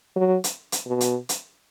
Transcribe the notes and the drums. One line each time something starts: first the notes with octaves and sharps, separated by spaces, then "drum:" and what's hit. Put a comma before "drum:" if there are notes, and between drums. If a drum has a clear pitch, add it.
F#3
drum: hi-hat
drum: hi-hat
B2
drum: hi-hat
drum: hi-hat